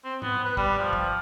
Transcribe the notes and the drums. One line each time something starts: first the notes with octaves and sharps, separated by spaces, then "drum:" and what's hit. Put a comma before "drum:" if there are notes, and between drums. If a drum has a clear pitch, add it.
C4
B3, drum: tom G#2
B4
G3, drum: kick
F3
drum: kick